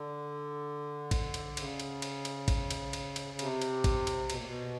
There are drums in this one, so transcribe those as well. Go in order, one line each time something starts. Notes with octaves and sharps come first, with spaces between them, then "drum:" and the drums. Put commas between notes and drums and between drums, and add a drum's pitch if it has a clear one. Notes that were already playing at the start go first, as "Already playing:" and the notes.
Already playing: D3
drum: kick, cymbal
drum: cymbal
C#3, drum: cymbal
drum: cymbal
drum: cymbal
drum: cymbal
drum: kick, cymbal
drum: cymbal
drum: cymbal
drum: cymbal
C3, drum: cymbal
drum: cymbal
drum: kick, cymbal
drum: cymbal
B2, drum: cymbal
A#2
B2